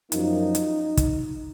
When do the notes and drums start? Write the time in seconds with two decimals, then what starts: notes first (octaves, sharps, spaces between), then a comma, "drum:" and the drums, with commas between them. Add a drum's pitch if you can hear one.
0.12 F#2 F3 A#3 D#4, drum: hi-hat
0.55 drum: hi-hat
0.97 drum: kick, hi-hat